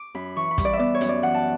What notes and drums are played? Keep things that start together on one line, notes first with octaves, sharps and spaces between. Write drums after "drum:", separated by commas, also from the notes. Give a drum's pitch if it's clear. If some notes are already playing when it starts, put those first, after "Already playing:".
Already playing: D6
F#2 B5
E3 C#6
B5
G3, drum: kick, hi-hat
D5
E5
B3 D5
C#5
F#2, drum: hi-hat
D5
E3 F#5
A5